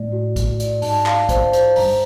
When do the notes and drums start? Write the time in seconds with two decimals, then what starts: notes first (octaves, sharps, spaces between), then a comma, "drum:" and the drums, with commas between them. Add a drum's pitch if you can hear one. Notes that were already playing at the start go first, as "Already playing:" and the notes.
Already playing: A2 D5
0.12 F#4
0.36 F#4, drum: kick A#1, hi-hat
0.60 D5, drum: hi-hat
0.82 G#2 A5, drum: open hi-hat
1.06 F5, drum: clap
1.29 C5, drum: kick A#1, hi-hat
1.53 C5, drum: hi-hat
1.76 G2 A#5, drum: open hi-hat